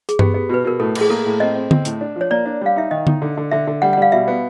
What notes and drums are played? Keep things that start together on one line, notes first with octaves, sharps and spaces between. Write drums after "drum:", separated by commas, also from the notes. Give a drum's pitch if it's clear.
G#4, drum: hi-hat
B3 G4, drum: tom G2
B3
B2 B4
B2 A#4
A2 A4
A2, drum: cymbal
G#4
A#3 A4
A2
C4 D#5
C4
C4, drum: tom D3
A2, drum: hi-hat
D4
F3
C#5
A#3 D5
D4
G3 F5
D#4 E5
D#3 D#5
D#4, drum: tom D3
D3
D3
D3 E5
D3
G3 F#5
F#5
G3 F5
B2 E5
B3